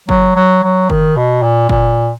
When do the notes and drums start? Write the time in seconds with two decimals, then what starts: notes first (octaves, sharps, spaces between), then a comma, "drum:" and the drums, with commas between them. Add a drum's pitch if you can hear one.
0.09 F#3, drum: kick F#1
0.36 F#3
0.63 F#3
0.90 D#3, drum: kick F#1
1.16 B2
1.42 A#2
1.69 A#2, drum: kick F#1